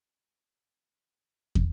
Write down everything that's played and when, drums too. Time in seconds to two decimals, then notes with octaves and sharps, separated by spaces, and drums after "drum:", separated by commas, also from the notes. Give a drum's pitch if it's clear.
1.00 G#3 D#4 F4 A4 B4
1.55 drum: kick